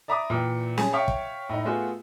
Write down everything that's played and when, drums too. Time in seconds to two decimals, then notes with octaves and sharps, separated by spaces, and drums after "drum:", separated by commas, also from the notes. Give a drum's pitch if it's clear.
0.08 D5 E5 A#5 B5 D6 D#6
0.30 A#2 E3 G5
0.78 C#4 G#4, drum: snare
0.92 C#5 E5 F5 G5 C#6
1.08 drum: kick
1.49 A2 D#4
1.65 A3 B3 F4 F#4 G#4